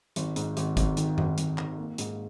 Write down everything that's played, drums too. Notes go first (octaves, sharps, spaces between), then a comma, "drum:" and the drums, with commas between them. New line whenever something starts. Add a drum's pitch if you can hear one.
G#1, drum: hi-hat
G#2, drum: hi-hat
G#1, drum: hi-hat
G#1, drum: kick, hi-hat
D#3, drum: hi-hat
G#1, drum: tom F#2
G#1, drum: hi-hat
D#3, drum: clap
A#3
G#2, drum: hi-hat